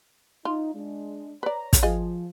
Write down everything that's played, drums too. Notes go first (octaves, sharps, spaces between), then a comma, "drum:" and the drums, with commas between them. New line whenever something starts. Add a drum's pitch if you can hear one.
D#4 F4
G#3 D4
B4 C#5 D5 A#5
drum: kick, hi-hat
F3 F4 G#4 D#5